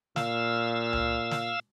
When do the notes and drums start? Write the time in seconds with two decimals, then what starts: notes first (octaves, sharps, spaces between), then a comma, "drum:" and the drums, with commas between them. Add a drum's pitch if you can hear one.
0.16 A#2 F5 E6, drum: snare
0.93 drum: tom C#2
1.31 drum: snare